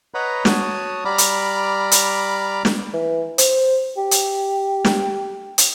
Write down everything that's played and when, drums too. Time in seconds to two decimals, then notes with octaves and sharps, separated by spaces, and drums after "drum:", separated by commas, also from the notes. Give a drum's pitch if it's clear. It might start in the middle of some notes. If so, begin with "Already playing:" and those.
0.14 B4 C#5 D#5 F#5 A#5 B5
0.45 F#4 C#5 A5 D#6, drum: snare
1.05 G3 D5 A#5 B5 D6 F6
1.18 drum: hi-hat
1.91 drum: hi-hat
2.65 drum: snare
2.94 E3
3.38 C5, drum: hi-hat
3.97 G4
4.11 drum: hi-hat
4.85 drum: snare
5.58 drum: hi-hat